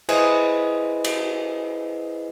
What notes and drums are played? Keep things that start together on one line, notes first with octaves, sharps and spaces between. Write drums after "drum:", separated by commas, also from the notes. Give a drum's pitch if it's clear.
E4 G#4 B4 C5 D#5, drum: cymbal
drum: cymbal